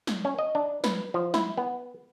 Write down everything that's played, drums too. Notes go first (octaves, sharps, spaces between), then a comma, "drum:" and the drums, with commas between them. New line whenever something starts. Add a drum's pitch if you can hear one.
drum: snare
C#4
D#5
D4
B4, drum: snare
F3
E4, drum: snare
B3